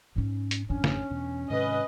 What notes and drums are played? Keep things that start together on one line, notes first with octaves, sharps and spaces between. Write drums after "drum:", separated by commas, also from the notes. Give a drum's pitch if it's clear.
G#2 C#4
drum: hi-hat
G#1 F2 C#4 D4
drum: snare
E2 B2
G#2 C3 D#3 B4 D#5